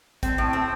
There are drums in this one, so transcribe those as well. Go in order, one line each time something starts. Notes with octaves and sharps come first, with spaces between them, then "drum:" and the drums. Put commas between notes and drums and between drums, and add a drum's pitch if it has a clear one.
C4, drum: kick A1, hi-hat
A2
C4